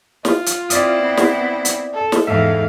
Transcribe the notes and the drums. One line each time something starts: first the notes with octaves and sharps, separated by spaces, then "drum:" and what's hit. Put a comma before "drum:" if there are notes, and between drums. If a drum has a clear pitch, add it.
F4, drum: snare
drum: hi-hat
C4 E4 D5 D#6, drum: hi-hat
B3
drum: snare
drum: hi-hat
A4
drum: snare
E2 G#2 A4 E5 F5